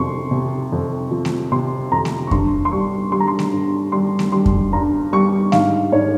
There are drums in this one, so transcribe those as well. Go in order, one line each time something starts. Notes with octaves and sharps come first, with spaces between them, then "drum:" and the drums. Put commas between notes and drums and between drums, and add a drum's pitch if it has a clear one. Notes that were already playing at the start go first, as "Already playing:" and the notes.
Already playing: F2 C3 C6 C#6
C3
F2
F3
drum: snare A3
C3 C6
F2 A#5
drum: snare A3
C#6
G2 C6, drum: kick F2
C6
G3 C#6
G3 C6
A#5
C6
drum: snare A3
G2
G3 C6
drum: snare A3
G3 C6
drum: kick F2
G2 A#5
G3 C#6
G#2 F5, drum: snare A3
G#2 C#5